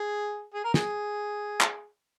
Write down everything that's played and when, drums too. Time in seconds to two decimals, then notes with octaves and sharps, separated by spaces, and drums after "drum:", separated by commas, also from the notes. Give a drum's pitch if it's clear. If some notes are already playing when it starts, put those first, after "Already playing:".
Already playing: G#4
0.54 G#4
0.64 A#4
0.74 G#4, drum: snare
1.61 drum: clap